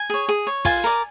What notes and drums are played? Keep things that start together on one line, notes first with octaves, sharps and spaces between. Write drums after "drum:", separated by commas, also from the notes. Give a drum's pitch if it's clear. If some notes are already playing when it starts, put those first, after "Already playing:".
Already playing: G#5
G#4 C#5
G#4, drum: hi-hat
C#5
F4 G#5, drum: kick, open hi-hat
A#4 D5